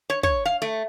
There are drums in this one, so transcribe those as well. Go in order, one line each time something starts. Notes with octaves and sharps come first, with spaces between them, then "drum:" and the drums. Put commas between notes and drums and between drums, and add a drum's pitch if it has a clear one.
C#5
C#5, drum: kick
F5
A3